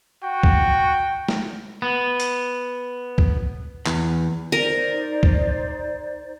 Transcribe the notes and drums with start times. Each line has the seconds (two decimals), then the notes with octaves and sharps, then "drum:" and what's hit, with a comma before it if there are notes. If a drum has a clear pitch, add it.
0.23 F#4 G5
0.43 drum: kick
1.29 drum: snare
1.82 B3
2.20 drum: hi-hat
3.18 drum: kick
3.86 E2, drum: clap
4.52 D#4 A#4 C5 D5
5.23 drum: kick